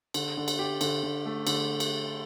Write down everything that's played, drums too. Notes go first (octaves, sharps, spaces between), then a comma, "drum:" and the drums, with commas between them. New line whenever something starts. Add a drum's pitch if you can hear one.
D3, drum: cymbal
D3
drum: cymbal
G4
D3, drum: cymbal
D3
A3
D3, drum: cymbal
drum: cymbal